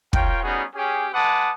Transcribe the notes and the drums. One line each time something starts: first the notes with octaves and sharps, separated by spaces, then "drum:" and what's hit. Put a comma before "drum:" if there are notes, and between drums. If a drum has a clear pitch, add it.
F4 A#4 C#5 G5, drum: kick
G3 B3 C#4 D#4 F#4 G#4
C#4 G4 G#4
G#3 B4 F#5 A5 D6 D#6